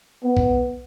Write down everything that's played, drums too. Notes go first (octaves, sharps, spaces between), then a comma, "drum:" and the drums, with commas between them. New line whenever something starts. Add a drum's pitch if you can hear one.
B3
drum: kick B1